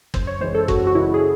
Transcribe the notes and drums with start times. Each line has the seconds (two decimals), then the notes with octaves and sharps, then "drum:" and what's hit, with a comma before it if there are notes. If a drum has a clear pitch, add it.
0.14 F#2 C5, drum: kick G1
0.27 C#5
0.41 C#3 E3 G#3 C5
0.55 A4
0.68 F#2 F#4, drum: kick G1
0.87 F#4
0.95 C#3 E3 G#3 E4
1.14 G#4